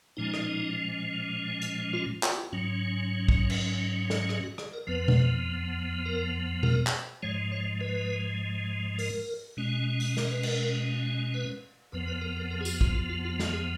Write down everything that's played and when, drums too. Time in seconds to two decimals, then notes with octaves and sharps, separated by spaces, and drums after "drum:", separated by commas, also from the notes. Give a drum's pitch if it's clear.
0.17 A#2 F3 G#3 C#4 D#4
0.34 drum: rim click
1.62 drum: hi-hat
1.93 F4
2.23 F4, drum: clap
2.30 F#4
2.39 F4
2.52 G#2 F#3 C#4
3.28 drum: kick A1
3.50 drum: cymbal
4.10 drum: snare
4.29 G#4, drum: rim click
4.43 F#4
4.58 G#4, drum: rim click
4.73 A#4
4.87 F2 F3 B3 B4
5.08 drum: tom B2
6.05 A#4
6.63 A#4, drum: tom B2
6.87 drum: clap
7.22 G#2 F3 G#3 C#5
7.52 C#5
7.81 B4
8.99 A#4, drum: open hi-hat
9.57 B2 G#3 C#4
10.00 drum: open hi-hat
10.17 A#4, drum: snare
10.31 B4
10.43 A#4, drum: cymbal
11.34 B4
11.92 F2 F3 B3 B4
12.07 B4
12.21 A#4
12.37 A#4
12.51 A#4
12.61 G#4
12.65 F#4, drum: tambourine
12.81 F4, drum: kick A1
12.95 F4
13.10 F4
13.25 F4
13.39 F#4, drum: snare
13.53 G#4